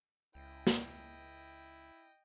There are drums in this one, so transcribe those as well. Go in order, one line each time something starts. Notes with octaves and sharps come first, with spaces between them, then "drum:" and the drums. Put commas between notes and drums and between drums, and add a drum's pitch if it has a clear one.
C#2 E4 D#5 G5
drum: snare